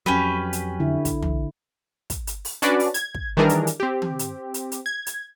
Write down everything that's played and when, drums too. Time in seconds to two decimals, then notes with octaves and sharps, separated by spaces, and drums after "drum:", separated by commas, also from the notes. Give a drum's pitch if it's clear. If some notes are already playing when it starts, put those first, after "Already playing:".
0.06 F2 F#3 C#4 G4 B4
0.53 drum: hi-hat
0.80 D3 E4
1.05 drum: kick, hi-hat
1.23 drum: tom
2.10 drum: kick, hi-hat
2.27 drum: hi-hat
2.45 drum: open hi-hat
2.62 C#4 D4 F#4 B4 D5, drum: hi-hat
2.80 drum: open hi-hat
2.94 G#6, drum: hi-hat
3.15 drum: kick
3.37 D#3 E3 G3 D4 G#4 A#4
3.49 drum: hi-hat
3.67 drum: hi-hat
3.80 C4 G4
4.02 drum: tom D#3
4.19 drum: hi-hat
4.54 drum: hi-hat
4.72 drum: hi-hat
4.86 G#6
5.07 drum: hi-hat